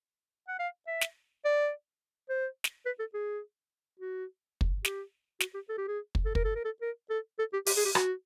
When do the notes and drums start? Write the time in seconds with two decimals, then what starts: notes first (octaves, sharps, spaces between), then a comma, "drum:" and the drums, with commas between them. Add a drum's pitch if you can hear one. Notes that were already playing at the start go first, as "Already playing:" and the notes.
0.48 F#5
0.59 F5
0.87 E5
1.01 drum: snare
1.45 D5
2.29 C5
2.64 drum: snare
2.86 B4
3.00 A4
3.14 G#4
4.00 F#4
4.61 drum: kick
4.85 G4, drum: snare
5.40 F#4, drum: snare
5.54 G4
5.69 A4
5.78 G4
5.88 G#4
6.15 drum: kick
6.26 A4
6.35 A#4, drum: kick
6.45 A4
6.56 A#4
6.65 A4
6.82 A#4
7.10 A4
7.39 A4
7.53 G4
7.66 G4, drum: open hi-hat
7.77 G#4
7.85 G4
7.95 F#4, drum: rim click